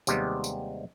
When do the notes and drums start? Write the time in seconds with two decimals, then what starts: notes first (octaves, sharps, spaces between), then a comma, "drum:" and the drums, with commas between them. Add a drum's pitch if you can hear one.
0.07 D#2 C3 G3 G#3 B3, drum: tambourine
0.44 drum: tambourine